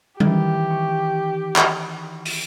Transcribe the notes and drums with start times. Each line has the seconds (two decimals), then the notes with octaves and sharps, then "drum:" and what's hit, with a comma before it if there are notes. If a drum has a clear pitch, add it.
0.20 D#3 E3 G4, drum: tom G3
0.70 C#6
1.56 drum: clap
2.26 drum: open hi-hat